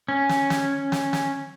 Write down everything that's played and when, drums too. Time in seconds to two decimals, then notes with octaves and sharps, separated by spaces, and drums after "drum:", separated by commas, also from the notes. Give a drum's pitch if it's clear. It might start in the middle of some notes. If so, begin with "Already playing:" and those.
0.08 C#4
0.29 drum: snare
0.50 drum: snare
0.92 drum: snare
1.13 drum: snare